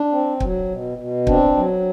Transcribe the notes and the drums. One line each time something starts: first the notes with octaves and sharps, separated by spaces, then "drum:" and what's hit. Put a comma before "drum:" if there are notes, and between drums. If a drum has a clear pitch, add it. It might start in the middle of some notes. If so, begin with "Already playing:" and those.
Already playing: D4
C4
F#3, drum: kick
B2
B2
C4 D4, drum: kick
F#3